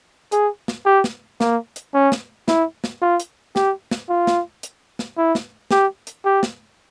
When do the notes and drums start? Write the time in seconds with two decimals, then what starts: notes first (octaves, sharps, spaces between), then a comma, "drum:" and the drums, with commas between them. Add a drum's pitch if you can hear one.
0.32 G#4, drum: hi-hat
0.68 drum: snare
0.86 G4
1.04 drum: snare
1.41 A#3, drum: snare
1.76 drum: hi-hat
1.94 C#4
2.12 drum: snare
2.48 E4, drum: snare
2.84 drum: snare
3.02 F4
3.20 drum: hi-hat
3.56 G4, drum: snare
3.91 drum: snare
4.09 F4
4.27 drum: snare
4.63 drum: hi-hat
4.99 drum: snare
5.17 E4
5.35 drum: snare
5.71 G4, drum: snare
6.07 drum: hi-hat
6.25 G4
6.43 drum: snare